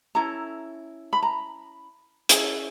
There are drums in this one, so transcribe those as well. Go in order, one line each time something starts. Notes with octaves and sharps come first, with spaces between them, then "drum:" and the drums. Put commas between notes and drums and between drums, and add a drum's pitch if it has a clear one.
C#4 E4 A4 A#5
B5
A#5
C#4 E4 G#4 G#5, drum: hi-hat